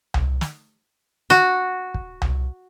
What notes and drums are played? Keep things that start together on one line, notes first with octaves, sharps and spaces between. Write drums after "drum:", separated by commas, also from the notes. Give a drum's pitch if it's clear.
drum: tom C2
drum: snare
F#4, drum: snare
drum: kick
drum: tom C2